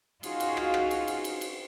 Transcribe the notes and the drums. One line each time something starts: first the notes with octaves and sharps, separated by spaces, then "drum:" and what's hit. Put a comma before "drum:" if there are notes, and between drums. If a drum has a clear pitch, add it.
D#4 F4 F#4 G#4 F5, drum: cymbal
drum: cymbal
drum: rim click
drum: rim click
drum: cymbal
drum: cymbal
drum: cymbal
drum: cymbal